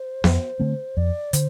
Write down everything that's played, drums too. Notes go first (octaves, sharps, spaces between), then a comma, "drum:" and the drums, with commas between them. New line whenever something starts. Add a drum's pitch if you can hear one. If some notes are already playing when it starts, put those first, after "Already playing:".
Already playing: C5
F2, drum: snare
D3 A3 C4
F2 D5
D3 C5, drum: hi-hat